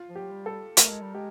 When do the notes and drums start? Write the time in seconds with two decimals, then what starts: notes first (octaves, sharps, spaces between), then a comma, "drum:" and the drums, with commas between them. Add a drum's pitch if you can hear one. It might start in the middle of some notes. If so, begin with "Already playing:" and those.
Already playing: F4
0.09 F3
0.15 F#3 G4
0.31 G3
0.46 A4
0.77 A3 A#4, drum: hi-hat
0.89 G#3
1.02 G3
1.15 G#3 G4